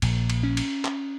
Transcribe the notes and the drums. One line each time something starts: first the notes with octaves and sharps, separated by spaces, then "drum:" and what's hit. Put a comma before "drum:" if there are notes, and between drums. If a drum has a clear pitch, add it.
A#1 A#2, drum: cymbal
drum: cymbal
C#4
drum: cymbal
drum: clap